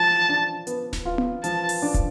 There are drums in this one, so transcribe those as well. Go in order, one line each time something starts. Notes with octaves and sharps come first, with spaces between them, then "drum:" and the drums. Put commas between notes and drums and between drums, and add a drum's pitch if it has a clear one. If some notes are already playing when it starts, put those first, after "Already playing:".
Already playing: F3 A5
D4
B3, drum: hi-hat
drum: snare D1
F4
drum: tom B3
F3 A5, drum: hi-hat
drum: open hi-hat
D4
drum: kick, hi-hat